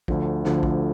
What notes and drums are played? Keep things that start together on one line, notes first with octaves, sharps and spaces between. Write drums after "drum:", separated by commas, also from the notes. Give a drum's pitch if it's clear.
D2 D3 F3, drum: kick
D2 D3 F3, drum: snare
drum: kick